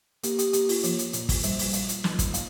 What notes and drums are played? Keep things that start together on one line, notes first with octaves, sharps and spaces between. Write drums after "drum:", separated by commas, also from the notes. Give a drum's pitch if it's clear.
A#3 G4, drum: hi-hat
G4, drum: hi-hat
A#3 G4, drum: hi-hat
F4, drum: open hi-hat
F3 A#3, drum: hi-hat
drum: hi-hat
A#2, drum: hi-hat
drum: kick, open hi-hat
G3 C5, drum: hi-hat
drum: open hi-hat
F5, drum: hi-hat
drum: hi-hat
D#4, drum: snare
drum: kick, hi-hat
F5, drum: hi-hat